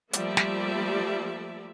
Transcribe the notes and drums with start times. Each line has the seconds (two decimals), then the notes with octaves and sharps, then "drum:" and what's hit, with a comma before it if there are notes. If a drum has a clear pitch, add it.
0.13 F3 G3 A3 A#3 D5 E5, drum: hi-hat
0.37 drum: snare